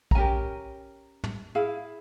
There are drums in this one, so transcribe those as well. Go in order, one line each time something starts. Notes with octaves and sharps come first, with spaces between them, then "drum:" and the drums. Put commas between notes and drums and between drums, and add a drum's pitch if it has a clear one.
A#5, drum: kick
C#4 G4 A#4 G#5
drum: tom
E4 G#4 F5